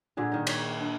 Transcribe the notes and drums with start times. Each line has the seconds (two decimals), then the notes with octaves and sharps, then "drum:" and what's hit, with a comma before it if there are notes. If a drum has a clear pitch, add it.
0.17 A#2 D3 G#4
0.32 D#3 D#4
0.47 C#5, drum: cymbal
0.80 D4